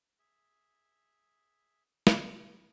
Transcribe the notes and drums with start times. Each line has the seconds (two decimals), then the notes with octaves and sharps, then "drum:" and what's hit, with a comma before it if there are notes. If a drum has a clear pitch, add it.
0.19 G#4 E5
2.07 drum: snare